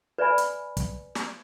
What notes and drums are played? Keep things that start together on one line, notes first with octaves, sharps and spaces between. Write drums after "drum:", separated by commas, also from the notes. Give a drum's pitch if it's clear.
B4 D5 E5 G#5 B5
drum: hi-hat
drum: kick, hi-hat
drum: snare